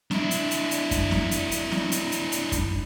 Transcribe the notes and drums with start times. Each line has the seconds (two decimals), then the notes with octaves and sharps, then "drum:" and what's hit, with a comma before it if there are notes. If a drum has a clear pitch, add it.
0.11 D4 E4, drum: snare C4
0.31 drum: hi-hat
0.51 drum: hi-hat
0.71 drum: hi-hat
0.91 drum: kick F#2, hi-hat
1.11 drum: snare C4
1.31 drum: hi-hat
1.51 drum: hi-hat
1.72 drum: snare C4
1.92 drum: hi-hat
2.12 drum: hi-hat
2.32 drum: hi-hat
2.52 drum: kick F#2, hi-hat